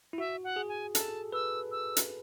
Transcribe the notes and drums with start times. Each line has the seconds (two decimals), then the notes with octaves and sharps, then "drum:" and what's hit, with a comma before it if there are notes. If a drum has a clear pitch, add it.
0.13 E4
0.18 F#4 E5
0.44 F#5
0.56 G#4
0.69 G#5
0.95 A4 A5, drum: hi-hat
1.32 B4 E6
1.72 E6
1.97 drum: hi-hat